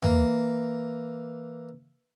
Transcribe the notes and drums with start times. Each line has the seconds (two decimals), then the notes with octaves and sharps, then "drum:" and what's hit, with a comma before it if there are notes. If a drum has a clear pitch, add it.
0.02 E3 A#3, drum: tom